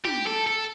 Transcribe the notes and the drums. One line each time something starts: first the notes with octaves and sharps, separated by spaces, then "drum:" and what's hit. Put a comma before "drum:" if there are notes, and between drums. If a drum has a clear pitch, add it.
G4, drum: tom
A4
A4